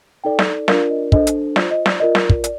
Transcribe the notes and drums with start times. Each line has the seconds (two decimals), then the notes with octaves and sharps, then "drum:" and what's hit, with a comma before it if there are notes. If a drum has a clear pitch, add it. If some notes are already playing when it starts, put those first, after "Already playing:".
0.24 D#4 A4 D5 G5
0.39 drum: snare
0.68 D4 F4 A#4 D5 F5, drum: snare
0.90 D#5
1.12 D4 A4 C5 D#5, drum: kick
1.27 drum: hi-hat
1.56 F4 C5 D5, drum: snare
1.71 D#5
1.86 D5, drum: snare
2.00 F4 A#4 D5 D#5
2.15 drum: snare
2.30 drum: kick
2.44 D5, drum: hi-hat